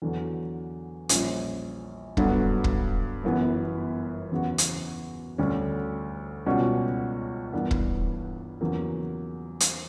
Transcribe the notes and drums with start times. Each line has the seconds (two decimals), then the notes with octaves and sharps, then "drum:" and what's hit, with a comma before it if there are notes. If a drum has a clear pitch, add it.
0.02 E2 D3 F#3
1.09 A#1 A#2 G3 C#4, drum: hi-hat
2.17 G2 D3 F#3 B3, drum: kick
2.64 drum: kick
3.23 G1 F#2 E3 B3
4.31 E2 C#3 F#3 B3 F#4
4.58 drum: hi-hat
5.38 D2 D3 G3 C#4
6.46 C#2 B2 G3 C#4 F#4
7.53 G2 E3 B3 D4 A#4
7.71 drum: kick
8.61 E2 C#3 F#3 A#3
9.60 drum: hi-hat